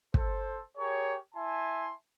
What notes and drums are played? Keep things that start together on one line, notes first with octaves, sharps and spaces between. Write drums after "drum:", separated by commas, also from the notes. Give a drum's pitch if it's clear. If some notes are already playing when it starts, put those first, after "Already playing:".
A4 C5, drum: kick
G4 G#4 A#4 C#5
E4 E5 G#5 A5 C6